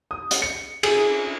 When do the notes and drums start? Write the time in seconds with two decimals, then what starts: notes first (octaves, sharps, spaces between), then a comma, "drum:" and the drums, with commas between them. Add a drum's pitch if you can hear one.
0.11 D#6
0.31 drum: hi-hat
0.42 C#7
0.83 G#4, drum: cymbal